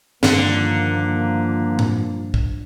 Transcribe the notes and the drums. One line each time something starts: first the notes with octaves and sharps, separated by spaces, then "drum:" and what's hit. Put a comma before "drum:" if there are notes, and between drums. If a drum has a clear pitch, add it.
G2 D3 D#3 F3 G3 A#3, drum: snare
drum: tom A2
drum: kick